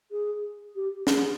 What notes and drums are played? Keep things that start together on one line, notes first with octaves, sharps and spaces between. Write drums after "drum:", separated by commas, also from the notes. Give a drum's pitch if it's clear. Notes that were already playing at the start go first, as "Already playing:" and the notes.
G#4
G4
G#4, drum: snare